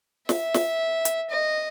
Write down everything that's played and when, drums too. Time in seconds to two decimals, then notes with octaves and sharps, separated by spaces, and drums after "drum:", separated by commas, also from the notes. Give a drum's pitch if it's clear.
0.29 E5, drum: snare
0.54 drum: snare
1.05 drum: hi-hat
1.30 D#5